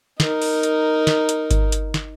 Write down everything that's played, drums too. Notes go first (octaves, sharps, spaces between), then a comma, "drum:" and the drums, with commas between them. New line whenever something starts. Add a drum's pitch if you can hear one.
D#4 A#4, drum: snare
drum: open hi-hat
drum: hi-hat
drum: snare
drum: hi-hat
drum: kick G1, hi-hat
drum: hi-hat
drum: snare